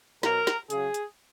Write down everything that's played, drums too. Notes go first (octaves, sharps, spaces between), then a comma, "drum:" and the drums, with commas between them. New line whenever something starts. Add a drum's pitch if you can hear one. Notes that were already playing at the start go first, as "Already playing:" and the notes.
B2 F#3 A#4, drum: snare
drum: snare
C#3 F#3 G#4, drum: hi-hat
drum: hi-hat